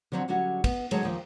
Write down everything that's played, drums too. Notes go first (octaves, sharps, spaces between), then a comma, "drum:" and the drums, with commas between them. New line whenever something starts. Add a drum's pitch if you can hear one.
D3 F3 F#3 C4 F#4
D3 F#3 G3 C#4 F#4
B3, drum: kick, cymbal
D3 D#3 F#3 G#3 C#5 A5, drum: cymbal
D#2 F3 G5